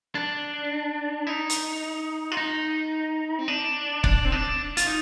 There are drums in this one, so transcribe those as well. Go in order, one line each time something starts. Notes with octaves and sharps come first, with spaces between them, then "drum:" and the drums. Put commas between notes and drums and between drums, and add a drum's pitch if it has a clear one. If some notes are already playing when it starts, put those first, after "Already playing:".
D4
D#4
drum: hi-hat
F4
D#4
C4
D4
D4, drum: kick
C4
D4
F4, drum: hi-hat
D#4